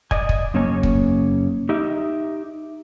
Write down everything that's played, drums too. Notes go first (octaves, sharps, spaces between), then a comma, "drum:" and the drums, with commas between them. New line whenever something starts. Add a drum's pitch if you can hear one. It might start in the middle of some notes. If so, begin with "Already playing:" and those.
D5 D#5 G#5, drum: kick
drum: kick
F#2 C#3 A#3 C#5 G#5
drum: kick
D#4 G4 E5